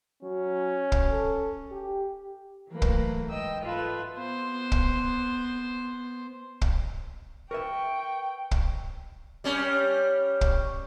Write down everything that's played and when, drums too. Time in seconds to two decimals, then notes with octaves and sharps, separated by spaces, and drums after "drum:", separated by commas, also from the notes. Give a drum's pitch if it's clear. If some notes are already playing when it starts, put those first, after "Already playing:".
0.23 F#3 C#4
0.92 drum: kick
1.11 A4
1.72 G4
2.70 E3 F#3 A3 A#3 B4
2.82 drum: kick
3.29 G#2 D#5 G5 E6
3.63 F4 A4 B4 E5
4.17 B3 C5
4.72 drum: kick
6.61 drum: kick
7.51 A#4 B4 E5 G5 C#6
8.51 drum: kick
9.44 G3 C#4
10.41 drum: kick